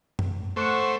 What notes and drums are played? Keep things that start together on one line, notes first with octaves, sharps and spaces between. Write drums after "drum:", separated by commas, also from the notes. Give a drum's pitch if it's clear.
drum: tom F#2
A3 C5 F#5 C#6